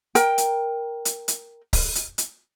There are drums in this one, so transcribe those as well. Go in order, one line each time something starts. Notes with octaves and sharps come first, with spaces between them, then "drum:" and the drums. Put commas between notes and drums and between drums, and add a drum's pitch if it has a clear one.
A#4 G5, drum: hi-hat
drum: hi-hat
drum: hi-hat
drum: hi-hat
drum: kick C#1, open hi-hat
drum: hi-hat
drum: hi-hat